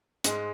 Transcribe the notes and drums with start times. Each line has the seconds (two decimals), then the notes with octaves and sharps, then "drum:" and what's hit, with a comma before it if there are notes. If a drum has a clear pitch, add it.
0.24 G#2 G#3, drum: hi-hat